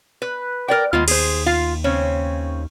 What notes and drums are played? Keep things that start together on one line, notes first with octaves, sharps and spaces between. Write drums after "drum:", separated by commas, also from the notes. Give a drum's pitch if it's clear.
B4
A#4 D5 G5
D#2 G#3 B3 F4
G#4 C5, drum: cymbal
F4 F5
C#3 C4 C#4